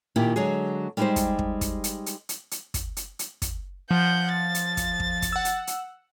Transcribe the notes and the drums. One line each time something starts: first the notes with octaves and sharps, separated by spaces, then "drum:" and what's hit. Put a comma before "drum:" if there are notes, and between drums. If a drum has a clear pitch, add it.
A#2 D#3 E4 G4
D3 F#3 G#3 G#4
G3 G#3 D#4 F#4 G4 C5
drum: kick, hi-hat
drum: kick
drum: kick, hi-hat
drum: hi-hat
drum: hi-hat
drum: hi-hat
drum: hi-hat
drum: kick, hi-hat
drum: hi-hat
drum: hi-hat
drum: kick, hi-hat
F3 F#5 G6
A6
drum: hi-hat
drum: kick, hi-hat
drum: kick
drum: kick, hi-hat
F#5 E6
drum: hi-hat
drum: hi-hat